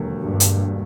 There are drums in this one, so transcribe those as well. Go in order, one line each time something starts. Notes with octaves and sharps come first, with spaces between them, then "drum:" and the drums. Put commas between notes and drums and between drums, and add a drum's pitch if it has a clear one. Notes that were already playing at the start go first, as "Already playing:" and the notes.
Already playing: E1 D#2 D3 F#3 A#3
G2
drum: hi-hat